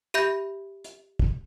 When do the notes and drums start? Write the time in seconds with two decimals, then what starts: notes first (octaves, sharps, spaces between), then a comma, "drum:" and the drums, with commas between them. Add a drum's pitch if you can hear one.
0.14 G4 E5 B5 G6 A#6
0.84 drum: hi-hat
1.19 drum: kick